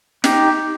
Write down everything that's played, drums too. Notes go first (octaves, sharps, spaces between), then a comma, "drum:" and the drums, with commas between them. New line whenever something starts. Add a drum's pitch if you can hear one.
D#4 G4, drum: snare